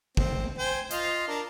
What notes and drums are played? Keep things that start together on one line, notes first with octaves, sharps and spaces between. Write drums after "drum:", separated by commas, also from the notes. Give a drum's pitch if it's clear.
C4, drum: kick
C5 G5 G#5
F4 D#5 F5, drum: hi-hat
D4 A#4